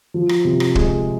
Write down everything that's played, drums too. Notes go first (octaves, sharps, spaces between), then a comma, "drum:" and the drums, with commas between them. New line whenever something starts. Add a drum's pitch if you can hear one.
F3
drum: rim click
C3
drum: rim click
G#3, drum: kick